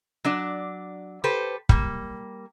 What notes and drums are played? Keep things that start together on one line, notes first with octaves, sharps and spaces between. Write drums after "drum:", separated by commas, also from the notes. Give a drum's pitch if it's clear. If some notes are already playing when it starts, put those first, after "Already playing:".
F#3 D4 D5
G4 A4 B4 C5
G3 A#3, drum: kick